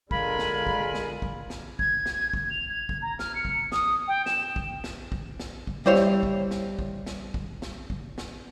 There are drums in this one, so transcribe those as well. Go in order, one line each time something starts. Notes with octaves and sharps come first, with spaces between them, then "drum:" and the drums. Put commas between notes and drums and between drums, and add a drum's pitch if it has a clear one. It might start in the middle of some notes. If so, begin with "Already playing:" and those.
D3 G#3 F4 A#4 G#5 B5, drum: kick
drum: snare
drum: kick
drum: snare
drum: kick
drum: snare
G#6, drum: kick
drum: snare
drum: kick
F7
G#6
drum: kick
A#5
F6, drum: snare
C#7
drum: kick
D#6, drum: snare
G5
E7, drum: snare
drum: kick
drum: snare
drum: kick
drum: snare
drum: kick
G3 E4 C5 C#5 F5
drum: snare
drum: kick
drum: snare
drum: kick
drum: snare
drum: kick
drum: snare
drum: kick
drum: snare